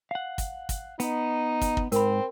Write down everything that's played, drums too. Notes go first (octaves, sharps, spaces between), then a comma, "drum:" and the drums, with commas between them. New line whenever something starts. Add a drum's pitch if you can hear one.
F5 F#5
drum: kick, hi-hat
drum: kick, hi-hat
B3 D#4, drum: hi-hat
drum: kick, hi-hat
drum: kick
G#2 C4 A#4 B5, drum: hi-hat